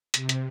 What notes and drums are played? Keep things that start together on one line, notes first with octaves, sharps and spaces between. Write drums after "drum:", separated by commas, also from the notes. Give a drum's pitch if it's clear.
C3, drum: hi-hat
drum: hi-hat